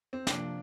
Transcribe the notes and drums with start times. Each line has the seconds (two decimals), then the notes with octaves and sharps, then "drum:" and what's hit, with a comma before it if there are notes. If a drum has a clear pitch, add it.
0.13 C4
0.27 C3 F3 A#3 D4, drum: snare